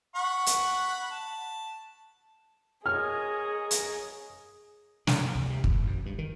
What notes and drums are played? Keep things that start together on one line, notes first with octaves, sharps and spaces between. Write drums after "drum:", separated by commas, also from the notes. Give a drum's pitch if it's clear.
F#5 B5 C#6
drum: hi-hat
A5
G#4 A#4 C#5 D#5 F6
drum: hi-hat
D4, drum: snare
G2
C2
C3
G#1, drum: kick
F#2
G2
D#3